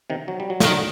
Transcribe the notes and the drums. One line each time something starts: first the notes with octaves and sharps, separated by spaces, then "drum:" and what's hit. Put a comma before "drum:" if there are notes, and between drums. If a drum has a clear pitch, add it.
C3 D#3
F#3
G3
F#3
D#3 G3, drum: snare
D3 F#3